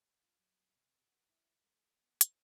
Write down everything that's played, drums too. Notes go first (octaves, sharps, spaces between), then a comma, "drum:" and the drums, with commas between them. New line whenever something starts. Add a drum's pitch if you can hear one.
F4
F#3
C3
F#4
E4
A3
B3
C5, drum: hi-hat